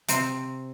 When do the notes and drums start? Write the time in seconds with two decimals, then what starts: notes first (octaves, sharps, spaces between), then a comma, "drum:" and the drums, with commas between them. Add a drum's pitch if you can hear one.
0.08 C3 C4, drum: hi-hat